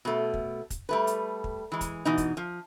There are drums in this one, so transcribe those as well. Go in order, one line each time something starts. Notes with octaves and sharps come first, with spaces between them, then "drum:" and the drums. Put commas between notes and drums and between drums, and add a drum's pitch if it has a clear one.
B2 A3
drum: kick
drum: kick, hi-hat
G3 A3 B4
drum: hi-hat
drum: kick
E3 G#3
drum: kick, hi-hat
B2 E3 D#4
drum: kick, hi-hat
F3